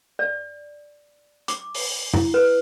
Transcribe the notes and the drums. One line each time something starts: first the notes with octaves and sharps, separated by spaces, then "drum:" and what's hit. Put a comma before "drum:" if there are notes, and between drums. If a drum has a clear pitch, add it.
D5
D6, drum: hi-hat
drum: open hi-hat
E4, drum: tom F2
B4